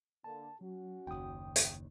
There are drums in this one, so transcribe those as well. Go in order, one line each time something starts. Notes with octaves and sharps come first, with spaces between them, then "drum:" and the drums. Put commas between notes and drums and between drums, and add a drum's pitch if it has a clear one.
D3 A#3 A5
F#3 C#4 F#4
F#1 D#2 G5 D#6
drum: hi-hat